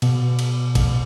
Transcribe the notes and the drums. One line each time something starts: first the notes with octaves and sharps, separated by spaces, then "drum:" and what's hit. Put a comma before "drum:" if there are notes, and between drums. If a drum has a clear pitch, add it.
B2, drum: cymbal
drum: cymbal
drum: kick, cymbal